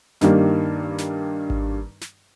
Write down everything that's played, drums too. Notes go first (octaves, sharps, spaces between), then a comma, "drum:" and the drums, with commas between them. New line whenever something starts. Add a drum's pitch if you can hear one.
G2 D#3 G3 A#3, drum: snare
drum: snare
drum: kick G#1
drum: snare